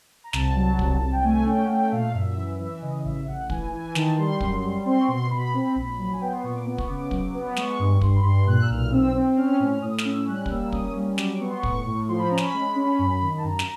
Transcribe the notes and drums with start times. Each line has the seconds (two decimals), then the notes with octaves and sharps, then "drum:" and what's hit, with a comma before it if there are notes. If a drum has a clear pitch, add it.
0.24 A#5
0.33 C2 A5, drum: snare
0.56 F#3
0.79 C2, drum: kick
1.02 C2
1.12 G5
1.24 A3 G#5
1.46 C#4 G5
1.64 F#5
1.69 A3 G5
1.86 E5
1.92 A#2 F5
2.14 F#2 E5
2.37 E3
2.59 E3 E5
2.82 C#3 D#5
3.04 A1 E5
3.27 A1 F#5
3.50 E3 G#5, drum: kick
3.72 E3 G#5
3.95 D#3 A5, drum: snare
4.17 G3 C6
4.41 F#2, drum: kick
4.62 G3
4.85 C4 C6
5.00 C#6
5.08 B2 C6
5.30 B2 B5
5.54 C4
5.75 A#1
5.98 F#3
6.13 G#5
6.21 B3 G5
6.32 C6
6.44 A#2 C#6
6.55 D6
6.66 B3
6.78 C#6, drum: kick
6.89 C#3 D6
7.11 F#3, drum: kick
7.34 B3
7.56 G#3 C#6, drum: snare
7.79 G2
8.01 G2 C6, drum: kick
8.16 B5
8.24 G2 C6
8.47 A#2 F#6
8.61 E6
8.70 B1 F6
8.92 C4 E6
9.14 C4
9.37 C#4 F6
9.60 A2 F6
9.82 A2 D#6
9.98 F6, drum: snare
10.05 C#4 E6
10.28 G3 F#6
10.46 F6, drum: kick
10.50 A#3 E6
10.72 C#4 D#6, drum: kick
10.96 G3
11.18 F#3 D6, drum: snare
11.40 B3 C#6
11.50 C6
11.58 C#6
11.63 A2, drum: kick
11.86 A2
12.08 F3 C6
12.18 B5
12.28 C#4 A#5
12.38 B5, drum: snare
12.54 G#3
12.76 C#4
12.99 F#2
13.22 D#3
13.38 A5
13.44 F#2 A#5
13.59 drum: snare